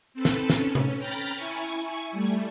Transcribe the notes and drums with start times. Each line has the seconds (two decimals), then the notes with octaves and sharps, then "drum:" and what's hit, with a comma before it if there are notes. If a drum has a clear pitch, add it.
0.14 C4 A4 B4
0.25 drum: snare
0.50 C#4, drum: snare
0.75 drum: tom C3
0.99 G5 A#5 B5 F6 A6
1.35 E4 G#5 C#6
2.11 G3 A3